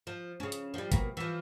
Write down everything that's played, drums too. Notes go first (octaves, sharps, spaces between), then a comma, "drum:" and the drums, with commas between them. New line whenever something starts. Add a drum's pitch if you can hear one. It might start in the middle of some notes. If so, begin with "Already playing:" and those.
F3
C#3 C#4
drum: hi-hat
F3 G3
B2 A#3, drum: kick, hi-hat
E3 F3